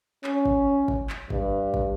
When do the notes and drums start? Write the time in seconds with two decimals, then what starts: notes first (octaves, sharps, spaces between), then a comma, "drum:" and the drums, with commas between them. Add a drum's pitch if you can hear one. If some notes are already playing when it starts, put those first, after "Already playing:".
0.24 C#4, drum: clap
0.45 drum: kick
0.88 drum: kick
1.10 drum: clap
1.30 G2, drum: kick
1.74 drum: kick